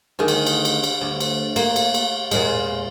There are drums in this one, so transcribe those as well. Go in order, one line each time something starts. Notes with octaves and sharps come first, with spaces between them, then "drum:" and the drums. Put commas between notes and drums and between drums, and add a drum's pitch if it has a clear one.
D2 D#3 G#4
drum: cymbal
drum: cymbal
drum: cymbal
drum: cymbal
D2
drum: cymbal
A#3, drum: cymbal
drum: cymbal
drum: cymbal
E2 A#2 G#3, drum: cymbal